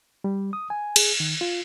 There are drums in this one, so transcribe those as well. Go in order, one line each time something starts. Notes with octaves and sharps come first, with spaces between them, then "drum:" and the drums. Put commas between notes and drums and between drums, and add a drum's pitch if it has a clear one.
G3
D#6
G#5
G#4, drum: cymbal
D#3
F4